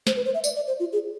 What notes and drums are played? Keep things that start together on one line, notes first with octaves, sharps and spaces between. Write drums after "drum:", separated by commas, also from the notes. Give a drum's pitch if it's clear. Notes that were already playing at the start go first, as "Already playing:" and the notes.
C5, drum: snare
B4
C5
E5
D5, drum: tambourine
D5
C5
F4
G#4